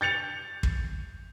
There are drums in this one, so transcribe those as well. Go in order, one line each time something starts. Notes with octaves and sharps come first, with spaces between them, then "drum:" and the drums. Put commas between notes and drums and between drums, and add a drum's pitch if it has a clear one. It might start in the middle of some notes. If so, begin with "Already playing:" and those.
G6 A6 C#7 F7
drum: kick